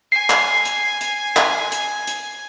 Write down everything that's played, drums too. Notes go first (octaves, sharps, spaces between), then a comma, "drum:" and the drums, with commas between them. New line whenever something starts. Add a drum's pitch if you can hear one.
G#5 C7
drum: clap
drum: hi-hat
drum: hi-hat
drum: clap
drum: hi-hat
drum: hi-hat